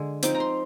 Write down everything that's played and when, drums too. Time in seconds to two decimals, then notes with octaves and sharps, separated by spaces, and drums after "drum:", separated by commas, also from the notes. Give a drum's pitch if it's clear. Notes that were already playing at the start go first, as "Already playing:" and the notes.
Already playing: D3 G#3
0.23 F3 C4 D#4 D6, drum: hi-hat
0.35 A#5
0.40 C6